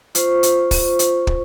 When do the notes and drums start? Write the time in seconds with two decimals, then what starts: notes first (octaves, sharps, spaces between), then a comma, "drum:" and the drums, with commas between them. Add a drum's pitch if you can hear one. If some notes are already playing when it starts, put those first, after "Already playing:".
0.15 F4 C5 C#6, drum: hi-hat
0.43 drum: hi-hat
0.71 drum: kick, open hi-hat
0.99 drum: hi-hat
1.27 drum: kick